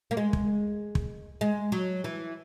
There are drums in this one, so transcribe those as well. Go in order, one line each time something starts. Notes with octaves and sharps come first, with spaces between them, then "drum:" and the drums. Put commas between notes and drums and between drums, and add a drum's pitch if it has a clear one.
A#3
G#3
drum: kick
drum: kick
G#3
F#3
E3